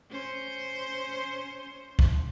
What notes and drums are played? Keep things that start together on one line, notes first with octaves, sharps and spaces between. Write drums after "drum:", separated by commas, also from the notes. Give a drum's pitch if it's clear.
C#4 C5
drum: kick B1